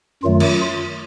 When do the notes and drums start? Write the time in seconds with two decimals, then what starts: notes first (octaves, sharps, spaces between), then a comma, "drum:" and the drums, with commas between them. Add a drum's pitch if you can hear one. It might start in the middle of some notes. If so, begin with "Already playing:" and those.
0.23 F#2 D#3 F#3 A3 F4
0.40 drum: cymbal